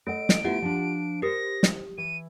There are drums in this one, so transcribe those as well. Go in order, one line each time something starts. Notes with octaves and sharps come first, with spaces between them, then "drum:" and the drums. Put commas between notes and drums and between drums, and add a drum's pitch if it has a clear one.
A3 A4 D#5 F#5 D7
drum: snare
A3 B3 E4 F4 G4 F#5
F3 D4
G4 A#4 C5 D#6 A#6 C#7
drum: snare
E3 D#7